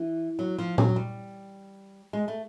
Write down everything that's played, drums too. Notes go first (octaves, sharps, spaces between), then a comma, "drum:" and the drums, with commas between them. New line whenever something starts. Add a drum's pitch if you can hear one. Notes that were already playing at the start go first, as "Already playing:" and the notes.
Already playing: E3
F#3
F3
F#3, drum: tom A#2
G3
G#3
A3